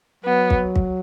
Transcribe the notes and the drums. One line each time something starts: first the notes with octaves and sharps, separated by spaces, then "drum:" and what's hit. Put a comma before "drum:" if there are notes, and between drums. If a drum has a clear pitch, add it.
F#3 B3
drum: kick
drum: kick